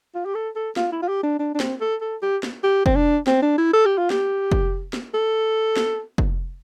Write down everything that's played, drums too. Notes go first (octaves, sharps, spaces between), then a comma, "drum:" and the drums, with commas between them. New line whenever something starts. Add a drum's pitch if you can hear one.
F4
G4
A4
A4
F4, drum: snare
E4
F4
G4
D4
D4
D4
C4, drum: snare
A4
A4
G4
drum: snare
G4
C4, drum: kick
D4
C4, drum: snare
D4
E4
A4
G4
F4
G4, drum: snare
drum: kick
drum: snare
A4
drum: snare
drum: kick